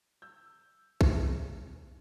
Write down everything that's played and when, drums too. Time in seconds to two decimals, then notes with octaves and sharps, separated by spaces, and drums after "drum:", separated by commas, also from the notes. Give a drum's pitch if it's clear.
0.22 E6 G6
1.01 drum: kick